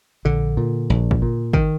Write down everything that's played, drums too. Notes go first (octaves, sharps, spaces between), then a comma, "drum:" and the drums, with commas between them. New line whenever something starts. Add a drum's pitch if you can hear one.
A#1 D3
A#2
A#1
drum: kick G#1
A#2
D#3, drum: kick G#1